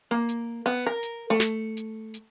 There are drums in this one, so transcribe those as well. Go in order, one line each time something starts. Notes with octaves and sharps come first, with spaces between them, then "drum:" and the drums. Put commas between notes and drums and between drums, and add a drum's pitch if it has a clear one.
A#3
drum: hi-hat
B3, drum: hi-hat
A#4
drum: hi-hat
A3
drum: snare
drum: hi-hat
drum: hi-hat